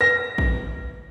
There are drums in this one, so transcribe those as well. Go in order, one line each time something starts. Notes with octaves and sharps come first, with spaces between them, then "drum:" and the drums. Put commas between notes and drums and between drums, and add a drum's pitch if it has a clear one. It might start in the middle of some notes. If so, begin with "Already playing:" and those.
B4 A#6
drum: kick